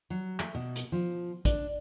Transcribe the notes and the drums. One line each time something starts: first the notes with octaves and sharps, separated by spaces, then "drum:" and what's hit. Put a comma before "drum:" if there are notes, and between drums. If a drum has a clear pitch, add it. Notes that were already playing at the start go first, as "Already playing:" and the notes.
F#3
A3, drum: clap
B2
drum: hi-hat
F3
D4, drum: kick, hi-hat